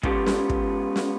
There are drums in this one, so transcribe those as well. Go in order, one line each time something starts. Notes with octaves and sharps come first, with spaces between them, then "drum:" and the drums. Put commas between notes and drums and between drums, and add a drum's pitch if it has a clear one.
G#3 B3 C#4 F4 G4 A4, drum: kick
drum: snare
drum: kick
drum: snare